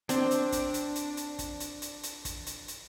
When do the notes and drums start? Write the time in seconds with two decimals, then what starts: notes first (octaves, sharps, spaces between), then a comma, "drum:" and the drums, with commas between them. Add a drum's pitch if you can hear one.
0.09 C4 D4, drum: hi-hat
0.31 drum: hi-hat
0.52 drum: kick, hi-hat
0.74 drum: hi-hat
0.95 drum: hi-hat
1.17 drum: hi-hat
1.39 drum: kick, hi-hat
1.60 drum: hi-hat
1.82 drum: hi-hat
2.03 drum: hi-hat
2.25 drum: kick, hi-hat
2.46 drum: hi-hat
2.68 drum: hi-hat